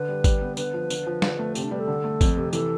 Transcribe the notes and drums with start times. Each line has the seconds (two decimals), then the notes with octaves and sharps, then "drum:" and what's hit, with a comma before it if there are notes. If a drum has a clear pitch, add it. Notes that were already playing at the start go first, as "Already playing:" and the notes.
Already playing: D3 B4
0.09 G3
0.24 G3, drum: kick G#1, tambourine
0.41 B3
0.57 D3 B4, drum: tambourine
0.74 F3
0.90 D3, drum: tambourine
1.07 F3
1.22 D3, drum: snare
1.39 A3
1.55 C3 C4, drum: tambourine
1.64 D4
1.71 G3 B4
1.80 A4
1.88 D3
2.04 A3
2.21 F2, drum: kick G#1, tambourine
2.37 C3
2.53 E3 A4, drum: tambourine